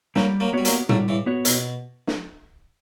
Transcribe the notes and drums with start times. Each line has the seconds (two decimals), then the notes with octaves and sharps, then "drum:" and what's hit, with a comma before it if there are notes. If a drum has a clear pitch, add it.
0.16 F#3 G3 A#3, drum: snare
0.40 F#3 A#3
0.53 G3 B3 F#4 C#5
0.65 F#3 A#3, drum: hi-hat
0.89 D3 F#3 G3, drum: tom
1.08 C#3 E3
1.26 B3 F#4 C#5
1.45 B2, drum: hi-hat
2.07 drum: snare